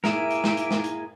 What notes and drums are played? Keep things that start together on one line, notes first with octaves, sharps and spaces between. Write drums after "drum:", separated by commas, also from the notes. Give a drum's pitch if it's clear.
A#3 E4 G#4 A#4 E5 D7, drum: snare
drum: hi-hat
drum: snare
drum: hi-hat
drum: snare
drum: hi-hat